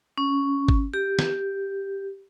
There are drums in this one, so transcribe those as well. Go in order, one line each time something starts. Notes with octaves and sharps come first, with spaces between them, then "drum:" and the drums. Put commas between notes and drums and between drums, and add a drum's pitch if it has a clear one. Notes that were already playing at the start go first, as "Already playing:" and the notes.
C#4
drum: kick G1
G4
drum: snare